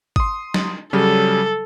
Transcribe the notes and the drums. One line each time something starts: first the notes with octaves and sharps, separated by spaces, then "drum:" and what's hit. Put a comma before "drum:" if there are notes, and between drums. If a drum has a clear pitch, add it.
C6 D#6, drum: kick G#1
drum: snare
C#3 F#3 G3 A4